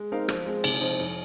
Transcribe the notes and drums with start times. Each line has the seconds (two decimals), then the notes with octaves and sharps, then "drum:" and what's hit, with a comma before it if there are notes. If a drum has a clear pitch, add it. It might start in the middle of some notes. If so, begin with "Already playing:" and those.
Already playing: G#3
0.12 C4 D#4 A#4 F5
0.28 F3, drum: rim click
0.46 G#3 C4
0.64 C3, drum: cymbal
0.81 F3 C4 D#4
0.98 F2